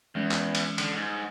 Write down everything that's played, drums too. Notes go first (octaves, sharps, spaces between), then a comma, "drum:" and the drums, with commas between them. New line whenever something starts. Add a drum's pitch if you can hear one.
E2 E3 G#3 C#4
drum: clap
drum: cymbal
D3, drum: cymbal
G#2